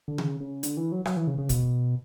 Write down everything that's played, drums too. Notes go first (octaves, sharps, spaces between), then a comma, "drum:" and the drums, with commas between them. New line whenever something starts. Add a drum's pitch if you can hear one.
D3
C#3, drum: tom D3
C#3
D3, drum: hi-hat
E3
F#3
F#3, drum: rim click
E3
C#3
C#3
B2, drum: kick, hi-hat